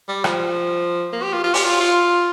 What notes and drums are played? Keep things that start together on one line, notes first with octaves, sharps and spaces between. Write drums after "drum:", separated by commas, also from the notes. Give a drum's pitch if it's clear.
G3
F3, drum: rim click
A#3
G4
F4
F4
G4, drum: open hi-hat
F4
F4